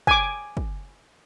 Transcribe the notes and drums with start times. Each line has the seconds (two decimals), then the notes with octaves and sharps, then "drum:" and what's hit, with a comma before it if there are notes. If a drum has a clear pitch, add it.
0.07 G#5 D6, drum: kick
0.57 drum: kick